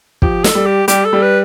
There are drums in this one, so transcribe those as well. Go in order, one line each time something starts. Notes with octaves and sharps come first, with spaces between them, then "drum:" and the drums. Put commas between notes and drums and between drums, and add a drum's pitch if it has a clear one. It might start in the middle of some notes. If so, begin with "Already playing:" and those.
F3 G4, drum: kick
A4, drum: snare
G3
G4
G3 G4, drum: hi-hat
A4
G3
B4